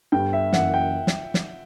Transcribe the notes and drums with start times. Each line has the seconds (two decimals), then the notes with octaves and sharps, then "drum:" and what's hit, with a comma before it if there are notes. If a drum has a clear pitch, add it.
0.12 G1 G2 D3 G3 G5
0.33 E5
0.53 F#1 F#2 E3 F#5, drum: snare
0.74 G5
1.07 drum: snare
1.34 drum: snare